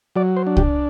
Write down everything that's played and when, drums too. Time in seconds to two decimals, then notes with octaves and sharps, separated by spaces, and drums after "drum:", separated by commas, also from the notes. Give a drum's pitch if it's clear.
0.16 F#3 D5
0.37 C5
0.47 D4
0.57 G4, drum: kick C2